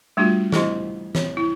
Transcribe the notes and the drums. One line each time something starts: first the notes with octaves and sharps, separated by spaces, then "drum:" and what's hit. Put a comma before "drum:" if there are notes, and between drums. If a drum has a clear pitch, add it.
G3 A3 D4 F4 F#4
E4 G4 C5 D#5 C6, drum: snare
C#5, drum: snare
E4